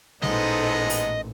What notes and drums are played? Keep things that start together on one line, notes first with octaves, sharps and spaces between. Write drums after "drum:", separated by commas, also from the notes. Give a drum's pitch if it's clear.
A1 A#2 G#3 B3 D#4 A4 C5 D#5, drum: snare G3
drum: open hi-hat